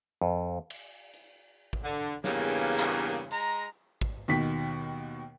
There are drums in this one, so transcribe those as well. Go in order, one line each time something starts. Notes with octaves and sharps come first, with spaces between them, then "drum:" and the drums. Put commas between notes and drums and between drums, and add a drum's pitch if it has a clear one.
F2
drum: cymbal
drum: hi-hat
drum: kick
D3
E2 G2 C#3 A#3, drum: snare
drum: clap
G#3 A#5, drum: hi-hat
drum: kick
D#2 B2 D#3 B6